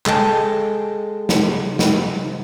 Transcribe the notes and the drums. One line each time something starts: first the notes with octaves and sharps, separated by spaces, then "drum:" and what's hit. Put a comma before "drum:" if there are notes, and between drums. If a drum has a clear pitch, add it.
G#3 A4 D#5 G5 A5, drum: clap
drum: snare
drum: snare